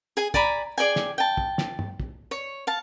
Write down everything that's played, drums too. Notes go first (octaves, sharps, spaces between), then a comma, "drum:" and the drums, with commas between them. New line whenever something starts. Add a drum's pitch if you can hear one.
G#4 G#5
D5 G#5 A#5 B5, drum: kick
G#4 D5 G5 G#5
drum: snare
G5 A5
drum: kick
drum: snare
drum: tom
drum: kick
C#5
F5 A5